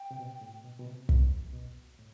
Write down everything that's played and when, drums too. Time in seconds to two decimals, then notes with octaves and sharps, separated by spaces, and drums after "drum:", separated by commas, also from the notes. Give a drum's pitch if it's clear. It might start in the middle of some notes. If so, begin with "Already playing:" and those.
Already playing: G5
0.11 C3
0.19 B2
0.41 A2
0.64 B2
0.79 B2
0.87 C3
1.09 C3, drum: kick
1.54 B2
1.99 A2